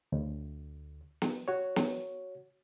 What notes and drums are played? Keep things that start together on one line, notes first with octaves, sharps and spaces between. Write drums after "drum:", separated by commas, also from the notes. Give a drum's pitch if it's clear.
D2
drum: snare
F#4 C#5
drum: snare